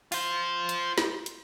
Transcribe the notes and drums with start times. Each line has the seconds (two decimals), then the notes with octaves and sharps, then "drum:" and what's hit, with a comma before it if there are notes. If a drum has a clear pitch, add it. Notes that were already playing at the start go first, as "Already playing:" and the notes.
0.12 F4 C5, drum: open hi-hat
0.69 drum: hi-hat
0.98 drum: snare
1.26 drum: hi-hat